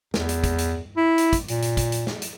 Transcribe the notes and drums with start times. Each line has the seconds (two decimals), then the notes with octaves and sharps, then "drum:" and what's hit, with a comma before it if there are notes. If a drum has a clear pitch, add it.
0.14 E2, drum: snare
0.29 drum: hi-hat
0.44 drum: kick, hi-hat
0.58 drum: hi-hat
0.97 E4
1.18 drum: hi-hat
1.33 drum: kick, hi-hat
1.48 A#2, drum: hi-hat
1.62 drum: hi-hat
1.77 drum: kick, hi-hat
1.92 drum: hi-hat
2.07 drum: snare
2.22 drum: hi-hat